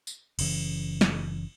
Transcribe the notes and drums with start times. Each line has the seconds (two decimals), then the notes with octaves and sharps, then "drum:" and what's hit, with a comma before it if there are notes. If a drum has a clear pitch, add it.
0.07 drum: tambourine
0.39 F#1 C#3 E3, drum: cymbal
1.01 drum: snare